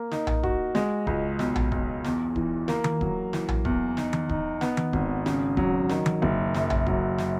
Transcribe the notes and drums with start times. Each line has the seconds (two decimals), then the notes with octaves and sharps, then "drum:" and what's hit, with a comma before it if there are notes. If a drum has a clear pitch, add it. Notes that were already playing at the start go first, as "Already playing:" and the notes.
Already playing: A#3
0.11 D#4, drum: snare
0.27 drum: tom A#1
0.43 F#4, drum: kick D1
0.75 G#3, drum: snare
1.07 C#2, drum: kick D1
1.39 B1, drum: snare
1.56 drum: tom A#1
1.72 B1, drum: kick D1
2.04 E2, drum: snare
2.36 E3, drum: kick D1
2.68 A#3, drum: snare
2.84 drum: tom D#3
3.01 F#3, drum: kick D1
3.33 E3, drum: snare
3.48 drum: tom A#1
3.65 E2, drum: kick D1
3.97 D#4, drum: snare
4.13 drum: tom D#3
4.29 D#4, drum: kick D1
4.61 B3, drum: snare
4.77 drum: tom D#3
4.93 G#1, drum: kick D1
5.26 C#3, drum: snare
5.57 F#3, drum: kick D1
5.89 D#3, drum: snare
6.06 drum: tom D#3
6.22 F#1, drum: kick D1
6.54 F#2, drum: snare
6.70 drum: tom A#1
6.86 F#3, drum: kick D1
7.18 drum: snare